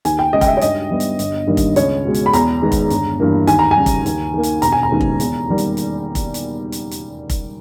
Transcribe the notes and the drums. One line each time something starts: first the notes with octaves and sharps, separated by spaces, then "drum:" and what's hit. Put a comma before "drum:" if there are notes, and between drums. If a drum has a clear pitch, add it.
D#2 G#5, drum: hi-hat
G5
C#3 G#3 D#5
G5, drum: kick F1, hi-hat
E5
C#5
G2 D#5, drum: hi-hat
G3 B3
drum: hi-hat
G1, drum: hi-hat
G2 D#3 G3 A#3
drum: kick F1, hi-hat
C#2 C#5, drum: hi-hat
B2 G#3
drum: hi-hat
B5
E2 A#5, drum: hi-hat
D#3 G#3 B3
drum: kick F1, hi-hat
G1, drum: hi-hat
G2 E3 A#3
D#2 G#5, drum: hi-hat
A#5
G#5
C#3 G3
drum: kick F1, hi-hat
D#2, drum: hi-hat
D#3 A#3
drum: hi-hat
E1 A#5, drum: hi-hat
G#5
A#5
D#2 C#3 G#3 B3
drum: kick F1
E2, drum: hi-hat
D#3 G3 A#3
drum: hi-hat
drum: hi-hat
drum: kick F1, hi-hat
drum: hi-hat
drum: hi-hat
drum: hi-hat
drum: kick F1, hi-hat